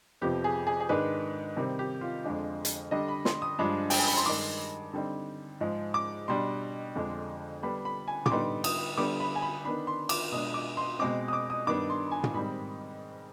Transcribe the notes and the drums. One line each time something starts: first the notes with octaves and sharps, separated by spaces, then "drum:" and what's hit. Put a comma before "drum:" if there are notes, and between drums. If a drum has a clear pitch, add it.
F2 C3 F3 B3 G4
G#4
G#4
G#4
G#2 D#3 G#3 D4 B4
C3 D#3 G3 C4 D#4
G4
F4
F2 D3 G#3 D4
drum: hi-hat
D3 G3 D4 D#5
B5
C6, drum: snare
D#6
G2 F3 G#3 D4
G5, drum: open hi-hat
G#5
B5
C6
G2 D#3 G#3 D6
D3 G3 C4 D#4
G#2 F3 G#3
D6
B2 G3 D4 C6
F2 D3 G#3 D4
D3 G3 B3 D4 B5
B5
G#5
D6, drum: tom
D3 G3 B3 D#4 C6
D#6, drum: cymbal
D3 G3 B3 D6
B5
G#5
B5
D#3 B3 D4 B5
C6
D6, drum: cymbal
B2 G#3 D4 D#6
D6
C6
B2 G#3 C4 D6
D#6
D6
D#6
G2 D#3 B3 D4 D6
C6
G#5
drum: tom
G#2 D#3 G3 C4 B5